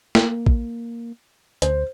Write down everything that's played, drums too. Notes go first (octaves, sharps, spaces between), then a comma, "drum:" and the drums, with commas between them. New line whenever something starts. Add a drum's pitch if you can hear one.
A#3, drum: snare
drum: kick
D2 C5, drum: hi-hat